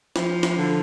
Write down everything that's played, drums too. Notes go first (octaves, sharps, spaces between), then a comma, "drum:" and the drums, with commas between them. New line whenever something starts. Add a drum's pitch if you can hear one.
F3, drum: snare
drum: snare
D3